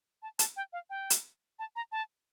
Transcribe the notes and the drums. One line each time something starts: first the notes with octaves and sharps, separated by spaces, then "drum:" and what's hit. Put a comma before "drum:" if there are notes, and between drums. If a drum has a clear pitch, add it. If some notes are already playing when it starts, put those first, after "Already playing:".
A5
A5, drum: hi-hat
G5
F5
G5
drum: hi-hat
A5
A#5
A5